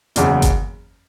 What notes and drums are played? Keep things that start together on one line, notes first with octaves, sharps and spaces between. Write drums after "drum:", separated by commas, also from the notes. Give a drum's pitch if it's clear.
F#1 E2 C#3, drum: hi-hat
drum: kick G1, hi-hat